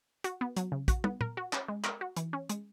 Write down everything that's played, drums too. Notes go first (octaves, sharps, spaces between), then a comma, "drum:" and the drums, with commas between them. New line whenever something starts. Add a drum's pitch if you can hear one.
F#4, drum: hi-hat
B3
F#3, drum: hi-hat
C#3
F#4, drum: kick, hi-hat
B3, drum: tom
A#4, drum: tom
F#4
C#4, drum: clap
G#3
A#4, drum: clap
F#4
E3, drum: hi-hat
C#4
G#3, drum: hi-hat